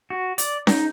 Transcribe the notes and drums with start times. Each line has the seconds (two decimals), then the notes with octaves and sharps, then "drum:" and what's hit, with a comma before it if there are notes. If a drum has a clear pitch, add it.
0.10 F#4
0.38 D5, drum: hi-hat
0.67 D#4, drum: snare C#4